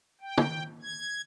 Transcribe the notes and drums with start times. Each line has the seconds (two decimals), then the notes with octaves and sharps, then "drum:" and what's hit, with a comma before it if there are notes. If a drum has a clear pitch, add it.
0.21 G5
0.38 drum: tom
0.82 G#6